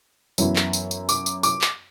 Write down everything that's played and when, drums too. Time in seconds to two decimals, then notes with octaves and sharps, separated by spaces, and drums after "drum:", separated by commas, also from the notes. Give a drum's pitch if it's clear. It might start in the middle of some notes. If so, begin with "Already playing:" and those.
0.38 F#2 E3 B3 E4, drum: tambourine
0.56 drum: clap
0.73 drum: tambourine
0.91 drum: tambourine
1.09 D6, drum: tambourine
1.26 drum: tambourine
1.43 D6, drum: tambourine
1.61 drum: clap